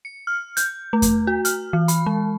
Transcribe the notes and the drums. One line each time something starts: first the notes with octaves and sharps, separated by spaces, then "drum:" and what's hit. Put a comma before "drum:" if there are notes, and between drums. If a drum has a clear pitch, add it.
C#7
F6
G6, drum: hi-hat
A3
drum: kick E2, hi-hat
F#4
F6, drum: hi-hat
E3
B5, drum: hi-hat
G#3